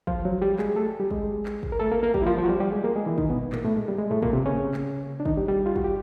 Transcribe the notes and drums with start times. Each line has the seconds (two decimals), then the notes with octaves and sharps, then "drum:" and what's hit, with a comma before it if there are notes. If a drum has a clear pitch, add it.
0.07 F3 F4, drum: kick
0.25 F#3 F#4
0.42 G3 G4
0.59 G#3 G#4, drum: clap
0.76 A3 A4
1.00 G3 G4
1.11 G#3 G#4, drum: kick
1.46 drum: clap
1.63 drum: kick
1.72 A#4
1.80 A3 A4
1.92 A#3 A#4
2.03 A#3 A#4
2.14 G3 G4, drum: kick
2.22 E4
2.26 F3 F4
2.37 F3 F4
2.44 F#4
2.49 G3 G4
2.60 G3 G4
2.72 G#3 G#4
2.84 A#3 A#4
2.96 G#3 G#4
3.06 E3 E4
3.18 D#3 D#4, drum: kick
3.30 B2 B3
3.52 A#2 A#3, drum: clap
3.64 A2 A3
3.76 G#3
3.88 G3
3.98 G#3
4.11 A2 A3
4.22 A#2 A#3, drum: kick
4.33 C3 C4
4.46 C#3 C#4
4.74 drum: clap
5.20 D4
5.25 D#3 D#4, drum: kick
5.37 G3 G4
5.48 G3 G4
5.66 F4
5.76 F#4, drum: kick
5.84 G4